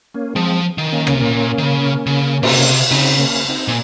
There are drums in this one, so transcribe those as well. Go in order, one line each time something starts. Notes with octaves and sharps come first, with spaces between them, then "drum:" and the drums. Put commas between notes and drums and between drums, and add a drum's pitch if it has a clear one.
A#3 C#4
F3 G#3 C4
D#3
A#3 C#4
C#3, drum: rim click
C3
A#2
D#3
C#3
C#3
A#2, drum: cymbal
C3
C#3 C4 D#4
A#3 C#4
C4 D#4
A#2